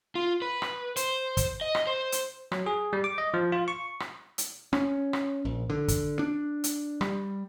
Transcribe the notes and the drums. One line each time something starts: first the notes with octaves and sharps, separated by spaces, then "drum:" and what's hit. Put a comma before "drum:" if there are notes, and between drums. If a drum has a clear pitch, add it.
F4
B4
drum: rim click
C5, drum: hi-hat
drum: kick, hi-hat
D#5
drum: rim click
C5
drum: hi-hat
F#3, drum: rim click
G#4
G3
D6
D#5
F3
F4
C#6
drum: rim click
drum: hi-hat
C#4, drum: rim click
drum: rim click
A#1
D3
drum: kick, hi-hat
D4
drum: hi-hat
G3, drum: rim click